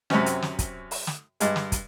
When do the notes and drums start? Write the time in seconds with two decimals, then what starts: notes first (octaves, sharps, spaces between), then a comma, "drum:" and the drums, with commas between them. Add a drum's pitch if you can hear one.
0.10 F#2 C3 C4 C#4, drum: snare
0.26 drum: hi-hat
0.42 drum: snare
0.59 drum: kick, hi-hat
0.91 drum: open hi-hat
1.07 drum: snare
1.40 G2 G#3, drum: hi-hat
1.56 drum: snare
1.72 drum: kick, hi-hat